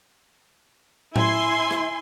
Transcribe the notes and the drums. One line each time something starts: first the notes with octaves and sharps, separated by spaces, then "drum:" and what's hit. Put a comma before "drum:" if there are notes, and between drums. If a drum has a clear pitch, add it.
E4 G#5 C6, drum: tom A2
drum: rim click